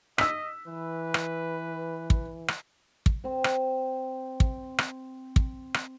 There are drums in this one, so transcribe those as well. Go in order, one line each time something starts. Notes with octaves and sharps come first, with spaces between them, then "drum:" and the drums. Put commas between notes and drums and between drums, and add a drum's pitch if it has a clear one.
D#5 E6 B6, drum: rim click
E3 B4
drum: rim click
drum: kick
drum: rim click
drum: kick
C4 C5
drum: rim click
drum: kick
drum: rim click
drum: kick
drum: rim click